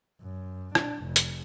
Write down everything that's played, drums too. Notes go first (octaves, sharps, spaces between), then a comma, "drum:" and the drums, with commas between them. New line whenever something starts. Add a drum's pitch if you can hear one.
F#2
D4, drum: rim click
F1
drum: hi-hat